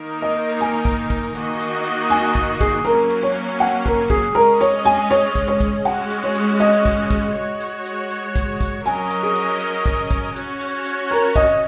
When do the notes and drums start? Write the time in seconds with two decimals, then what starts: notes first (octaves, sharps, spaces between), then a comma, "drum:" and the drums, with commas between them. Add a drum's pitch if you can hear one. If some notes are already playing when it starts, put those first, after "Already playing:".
Already playing: D#3 A#3 D#4 A#4
0.22 D#5
0.61 G#5, drum: hi-hat
0.85 drum: kick, hi-hat
1.10 drum: kick, hi-hat
1.35 D#3 A#3 F#4 D#5, drum: hi-hat
1.60 drum: hi-hat
1.85 drum: hi-hat
2.10 G#5, drum: hi-hat
2.35 drum: kick, hi-hat
2.61 G#4, drum: kick, hi-hat
2.85 F#3 A#3 C#4 A#4, drum: hi-hat
3.10 drum: hi-hat
3.23 C#5
3.35 drum: hi-hat
3.60 F#5, drum: hi-hat
3.86 A#4, drum: kick, hi-hat
4.10 G#4, drum: kick, hi-hat
4.35 G#3 C#4 G#4 A#4 D#5
4.61 C#5, drum: hi-hat
4.85 G#5, drum: hi-hat
5.11 C#5, drum: hi-hat
5.35 drum: kick, hi-hat
5.48 C#5
5.60 drum: kick, hi-hat
5.85 G#3 C#4 F#4 F#5, drum: hi-hat
6.10 drum: hi-hat
6.24 C#5
6.35 drum: hi-hat
6.60 D#5, drum: hi-hat
6.85 drum: kick, hi-hat
7.10 drum: kick, hi-hat
7.35 G#3 F#4 C#5
7.60 drum: hi-hat
7.86 drum: hi-hat
8.11 drum: hi-hat
8.36 drum: kick, hi-hat
8.61 drum: kick, hi-hat
8.86 F#3 C#4 A#4 D#5 G#5, drum: hi-hat
9.11 drum: hi-hat
9.23 G#4
9.36 drum: hi-hat
9.61 drum: hi-hat
9.86 drum: kick, hi-hat
10.11 drum: kick, hi-hat
10.36 C#4 F#4 C#5, drum: hi-hat
10.61 drum: hi-hat
10.86 drum: hi-hat
11.11 A#4, drum: hi-hat
11.36 D#5, drum: kick, hi-hat